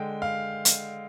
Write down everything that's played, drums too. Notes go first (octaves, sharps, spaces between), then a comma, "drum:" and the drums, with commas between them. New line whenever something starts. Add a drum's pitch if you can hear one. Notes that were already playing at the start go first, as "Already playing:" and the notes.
Already playing: D3 G#3 G5
F5
drum: hi-hat